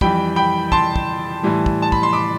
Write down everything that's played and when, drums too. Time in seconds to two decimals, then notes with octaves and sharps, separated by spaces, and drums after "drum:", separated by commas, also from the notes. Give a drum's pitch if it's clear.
0.01 F2 E3 G3 G5 B5, drum: kick
0.36 G5 B5
0.72 A5 C6, drum: kick
0.96 drum: kick
1.43 A2 E3 G3
1.66 drum: kick
1.82 A5
1.92 B5, drum: kick
2.03 C6
2.13 B5 D6